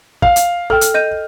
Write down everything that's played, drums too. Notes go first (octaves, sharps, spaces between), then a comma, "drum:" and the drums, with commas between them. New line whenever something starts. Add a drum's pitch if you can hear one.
F5, drum: kick
drum: hi-hat
A4 G5 F6
drum: hi-hat
D#5 G6 D#7